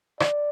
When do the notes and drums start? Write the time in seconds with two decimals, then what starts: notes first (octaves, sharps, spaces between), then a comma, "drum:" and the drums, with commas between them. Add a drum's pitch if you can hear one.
0.20 D5, drum: rim click